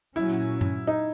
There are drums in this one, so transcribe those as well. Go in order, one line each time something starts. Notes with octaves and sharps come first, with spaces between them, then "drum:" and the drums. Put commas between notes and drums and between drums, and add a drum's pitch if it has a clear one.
A#2 F#3 C#4 E4
drum: tom G2
D#4